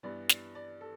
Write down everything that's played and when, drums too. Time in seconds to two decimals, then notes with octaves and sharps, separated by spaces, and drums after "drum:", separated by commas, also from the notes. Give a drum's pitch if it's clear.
0.03 G2 E3 B3 D5
0.29 D5, drum: snare
0.55 D5
0.81 A4